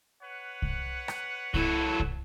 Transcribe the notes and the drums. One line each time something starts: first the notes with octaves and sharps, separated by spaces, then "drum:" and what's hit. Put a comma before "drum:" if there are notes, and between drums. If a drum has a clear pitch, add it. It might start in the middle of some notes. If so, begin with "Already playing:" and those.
B4 C#5 F#5
drum: kick C2
drum: rim click
F#3 E4 A4, drum: kick C2
drum: kick C2